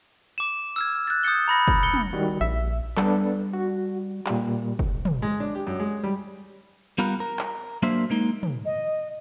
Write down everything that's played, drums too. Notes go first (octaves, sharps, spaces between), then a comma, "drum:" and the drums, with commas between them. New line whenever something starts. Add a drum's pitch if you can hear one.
D6 E7
E6 F6 G#6
F#6 G#6 A6
D#6 G6 A6 C#7 G7
A#5 B5 A#6
drum: kick
C#7 G7
drum: tom
D#3 G3 F#4
A#1 E5
G3 B3 D4 A4, drum: clap
F#4
A#2 G3, drum: clap
drum: kick
drum: tom
G#3
D4
G4
F#2
G#3
G3
G3 B3 F4 A#4 B4
A#4
drum: clap
F#3 A#3 D4 A#4 C5 E5
G#3 A#3 D#4
drum: tom
D#5